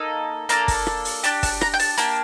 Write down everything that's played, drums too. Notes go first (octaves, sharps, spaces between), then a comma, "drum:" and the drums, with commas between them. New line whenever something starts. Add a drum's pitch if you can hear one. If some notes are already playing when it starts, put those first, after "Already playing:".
Already playing: A#3 D#4 A4
A#3 D4 A4 A#5, drum: hi-hat
drum: kick, open hi-hat
drum: rim click
drum: open hi-hat
D4 G4 A5, drum: hi-hat
A5, drum: kick, open hi-hat
A#5, drum: rim click
G5
A5, drum: open hi-hat
A#3 D4 G4, drum: hi-hat